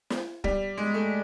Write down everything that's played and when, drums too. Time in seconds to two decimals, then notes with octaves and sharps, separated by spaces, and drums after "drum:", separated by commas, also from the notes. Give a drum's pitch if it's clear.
0.10 drum: snare
0.44 G3, drum: kick
0.77 G#3
0.94 A3